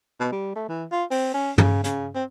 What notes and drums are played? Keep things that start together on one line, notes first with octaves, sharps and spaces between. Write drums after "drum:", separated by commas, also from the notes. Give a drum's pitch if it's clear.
B2
G3
A3
E3
F4
C4, drum: open hi-hat
C#4
C#3, drum: tom
C#3, drum: hi-hat
C4